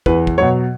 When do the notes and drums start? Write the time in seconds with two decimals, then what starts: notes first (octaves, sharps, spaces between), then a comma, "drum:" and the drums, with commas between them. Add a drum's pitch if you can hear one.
0.06 E2 B4, drum: kick
0.27 drum: kick
0.38 B2 F#3 C#5